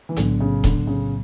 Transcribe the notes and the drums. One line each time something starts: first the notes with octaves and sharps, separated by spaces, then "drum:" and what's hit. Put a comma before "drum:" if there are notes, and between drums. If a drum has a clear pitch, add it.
E3
B1 A2 D3 F#3 B3, drum: hi-hat
C#3
D3, drum: kick D#1, hi-hat
C#3